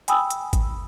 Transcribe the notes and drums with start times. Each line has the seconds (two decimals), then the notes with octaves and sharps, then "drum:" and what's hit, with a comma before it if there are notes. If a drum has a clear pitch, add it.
0.08 G5 G#5 B5 D#6 E6, drum: hi-hat
0.30 drum: hi-hat
0.53 drum: kick, hi-hat